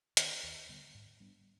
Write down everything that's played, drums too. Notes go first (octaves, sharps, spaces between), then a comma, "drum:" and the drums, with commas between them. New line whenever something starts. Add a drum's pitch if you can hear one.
D#3 B3, drum: hi-hat
D#2
D3 G3 B3
G#2
G3 B3 D4